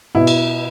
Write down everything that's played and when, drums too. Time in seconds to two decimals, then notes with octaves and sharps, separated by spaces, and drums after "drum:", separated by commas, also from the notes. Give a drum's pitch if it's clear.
0.15 B2 E4
0.27 drum: cymbal